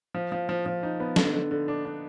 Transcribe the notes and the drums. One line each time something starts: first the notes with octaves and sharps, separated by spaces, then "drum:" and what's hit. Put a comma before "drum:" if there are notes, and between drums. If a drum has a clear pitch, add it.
F3
F3
F3
F3
D#4
B3
D3, drum: snare
D3
D3
D4
D4